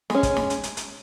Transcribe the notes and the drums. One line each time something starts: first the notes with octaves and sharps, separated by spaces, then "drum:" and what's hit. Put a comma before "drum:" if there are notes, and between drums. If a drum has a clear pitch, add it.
G#3 C#4, drum: snare
drum: kick, hi-hat
drum: snare
drum: hi-hat
drum: hi-hat
drum: hi-hat